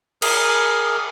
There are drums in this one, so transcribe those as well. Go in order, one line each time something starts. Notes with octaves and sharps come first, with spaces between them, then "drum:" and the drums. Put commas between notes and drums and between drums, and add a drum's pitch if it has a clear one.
G#4 A#4, drum: cymbal